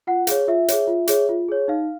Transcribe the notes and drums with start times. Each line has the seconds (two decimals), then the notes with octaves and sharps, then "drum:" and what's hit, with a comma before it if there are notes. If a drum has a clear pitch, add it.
0.07 F4 F#5
0.27 G#4 C#5 F5, drum: hi-hat
0.48 F4 E5
0.68 G#4 C#5, drum: hi-hat
0.87 F4
1.08 G#4 C#5, drum: hi-hat
1.29 F4
1.48 G#4 C#5
1.68 D#4 F5